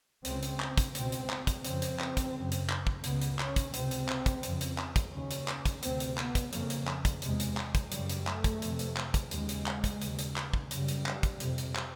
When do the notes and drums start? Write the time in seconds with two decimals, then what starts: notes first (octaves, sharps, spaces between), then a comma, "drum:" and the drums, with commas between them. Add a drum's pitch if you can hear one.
0.25 C#2 C#3 C4, drum: hi-hat
0.43 drum: hi-hat
0.60 drum: clap
0.77 drum: kick, hi-hat
0.95 C#2 B2 C4, drum: hi-hat
1.12 drum: hi-hat
1.30 drum: clap
1.47 drum: kick, hi-hat
1.65 F2 C#3 C4, drum: hi-hat
1.82 drum: hi-hat
1.99 drum: clap
2.17 drum: kick, hi-hat
2.34 F#2 C#3
2.52 drum: hi-hat
2.69 drum: clap
2.87 drum: kick
3.04 C#2 C#3 B3, drum: hi-hat
3.21 drum: hi-hat
3.39 C#4, drum: clap
3.56 drum: kick, hi-hat
3.74 C#2 C3 C4, drum: hi-hat
3.91 drum: hi-hat
4.09 drum: clap
4.26 drum: kick, hi-hat
4.43 F2 C#3, drum: hi-hat
4.61 drum: hi-hat
4.78 drum: clap
4.96 drum: kick, hi-hat
5.13 D#2 C#3 C#4
5.31 drum: hi-hat
5.48 drum: clap
5.66 drum: kick, hi-hat
5.83 D2 C3 C4, drum: hi-hat
6.00 drum: hi-hat
6.18 B3, drum: clap
6.35 drum: kick, hi-hat
6.53 F2 C#3 A#3, drum: hi-hat
6.70 drum: hi-hat
6.88 drum: clap
7.05 drum: kick, hi-hat
7.22 E2 C3 G#3, drum: hi-hat
7.40 drum: hi-hat
7.57 drum: clap
7.75 drum: kick, hi-hat
7.92 F#2 C#3 G3, drum: hi-hat
8.10 drum: hi-hat
8.27 A3, drum: clap
8.44 drum: kick, hi-hat
8.62 F2 C3, drum: hi-hat
8.79 drum: hi-hat
8.97 drum: clap
9.14 drum: kick, hi-hat
9.31 D#2 C#3 G#3, drum: hi-hat
9.49 drum: hi-hat
9.66 drum: clap
9.84 drum: kick, hi-hat
10.02 D#2 C#3, drum: hi-hat
10.19 drum: hi-hat
10.36 drum: clap
10.54 drum: kick
10.71 F#2 C#3 G3, drum: hi-hat
10.88 drum: hi-hat
11.06 drum: clap
11.23 drum: kick, hi-hat
11.40 F2 C3, drum: hi-hat
11.58 drum: hi-hat
11.76 drum: clap